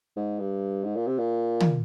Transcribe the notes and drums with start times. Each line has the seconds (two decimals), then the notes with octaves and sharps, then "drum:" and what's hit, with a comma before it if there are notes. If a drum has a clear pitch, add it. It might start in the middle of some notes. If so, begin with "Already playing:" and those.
0.17 G#2
0.40 G2
0.84 G#2
0.96 A#2
1.07 C3
1.19 A#2
1.60 drum: tom